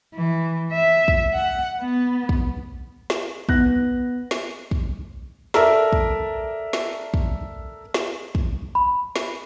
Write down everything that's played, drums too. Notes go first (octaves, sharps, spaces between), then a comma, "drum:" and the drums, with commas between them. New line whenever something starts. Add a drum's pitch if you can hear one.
E3
E5
drum: kick
F#5
B3
drum: kick
drum: snare
B3 F#6 A#6, drum: kick
drum: snare
drum: kick
A4 A#4 D5 E5, drum: snare
drum: kick
drum: snare
drum: kick
drum: snare
drum: kick
B5
drum: snare